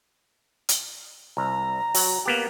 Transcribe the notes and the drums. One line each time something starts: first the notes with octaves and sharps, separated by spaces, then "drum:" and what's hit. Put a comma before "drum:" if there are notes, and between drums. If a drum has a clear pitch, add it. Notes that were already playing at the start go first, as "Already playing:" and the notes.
drum: hi-hat
C2 A#5
F#3, drum: open hi-hat
A#3 B3 G4